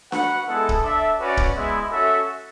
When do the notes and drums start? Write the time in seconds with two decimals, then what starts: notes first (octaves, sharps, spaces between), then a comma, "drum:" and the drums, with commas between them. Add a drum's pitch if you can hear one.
0.12 F#4 B4 F#5, drum: snare D4
0.48 G#3 B3 E4 A4
0.69 drum: kick
0.83 D4 A4 E5
1.19 C#4 F#4 B4 D5
1.37 drum: kick
1.55 G#3 B3 E4
1.90 C#4 F#4 A4 E5